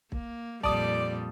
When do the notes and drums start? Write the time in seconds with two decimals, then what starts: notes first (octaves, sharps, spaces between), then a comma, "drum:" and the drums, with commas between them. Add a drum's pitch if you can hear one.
0.12 A#3, drum: kick
0.63 F2 A#2 G3 D5 A5 D#6, drum: kick